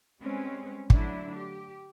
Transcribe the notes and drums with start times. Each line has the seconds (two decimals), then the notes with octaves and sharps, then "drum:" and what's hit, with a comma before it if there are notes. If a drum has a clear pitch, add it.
0.20 G3 G#3 C4 C#4 B4
0.90 D3 F#3 A3 D4 E4, drum: kick
1.36 G4